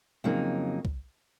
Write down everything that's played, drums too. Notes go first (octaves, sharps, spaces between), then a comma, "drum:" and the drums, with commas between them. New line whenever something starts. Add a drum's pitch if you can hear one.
F2 C#3 F#3 A#3 D#4
drum: kick